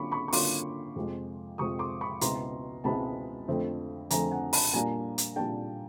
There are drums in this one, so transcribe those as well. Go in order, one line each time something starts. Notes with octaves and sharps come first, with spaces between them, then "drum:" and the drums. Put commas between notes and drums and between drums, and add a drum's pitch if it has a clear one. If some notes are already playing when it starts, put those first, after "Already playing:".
Already playing: D3 F#3 A#3 C#4 F4 B5 C#6 D6
B5 C#6
C#6
D3 F#3 A#3 C#4 F4 C6 D6, drum: open hi-hat
F2 C3 F3 G#3 C4
F2 C3 F3 G#3 C4 C#6 D#6
C6 D6
B5 C#6
C#2 B2 G#3 C4 E4 A#5 C6, drum: hi-hat
C#2 B2 G#3 C4 E4 A5 B5
F2 D3 F3 A3 C4
F2 D3 F3 A3 C4 G#5 A#5, drum: hi-hat
F#5 G#5
A5 B5, drum: open hi-hat
A#2 G3 A#3 D4 G#5 A#5
drum: hi-hat
A#2 G3 A#3 D4 G5 A5